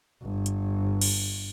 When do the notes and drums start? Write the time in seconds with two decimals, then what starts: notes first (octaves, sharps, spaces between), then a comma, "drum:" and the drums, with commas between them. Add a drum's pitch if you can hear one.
0.22 G1
0.46 drum: hi-hat
1.01 drum: cymbal